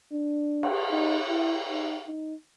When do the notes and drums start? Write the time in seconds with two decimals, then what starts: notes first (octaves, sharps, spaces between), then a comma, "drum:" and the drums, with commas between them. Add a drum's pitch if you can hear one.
0.12 D4
0.63 drum: cymbal
0.91 D#4
1.29 E4
1.69 D#4
2.07 D#4